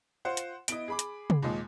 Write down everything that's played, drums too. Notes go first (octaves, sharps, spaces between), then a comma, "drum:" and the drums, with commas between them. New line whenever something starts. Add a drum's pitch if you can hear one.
F4 C5 F#5
drum: hi-hat
B3 E4 D#5 D7, drum: hi-hat
G#4 B5 D6
drum: hi-hat
drum: tom
D#2 A#2 G#3